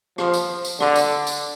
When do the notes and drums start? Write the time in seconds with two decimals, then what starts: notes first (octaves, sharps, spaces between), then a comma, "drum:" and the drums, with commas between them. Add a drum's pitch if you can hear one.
0.18 F3, drum: rim click
0.34 drum: tambourine
0.65 drum: tambourine
0.80 D3, drum: rim click
0.96 drum: tambourine
1.27 drum: tambourine